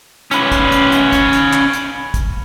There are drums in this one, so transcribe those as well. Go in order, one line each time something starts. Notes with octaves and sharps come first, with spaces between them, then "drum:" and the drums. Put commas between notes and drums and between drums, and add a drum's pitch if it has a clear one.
C#4 B4, drum: hi-hat
drum: kick, hi-hat
drum: hi-hat
drum: hi-hat
drum: kick, hi-hat
drum: hi-hat
drum: clap
drum: hi-hat
drum: kick, hi-hat